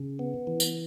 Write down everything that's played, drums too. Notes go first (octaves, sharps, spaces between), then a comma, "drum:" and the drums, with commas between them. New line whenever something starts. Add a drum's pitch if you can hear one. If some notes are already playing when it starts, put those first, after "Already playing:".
Already playing: C#3
B3
E3
drum: tambourine